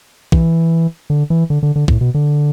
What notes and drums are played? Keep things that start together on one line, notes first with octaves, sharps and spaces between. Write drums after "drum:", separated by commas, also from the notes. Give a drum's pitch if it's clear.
E3, drum: kick
D3
E3
D3
D3
D3
A2, drum: kick
B2
D3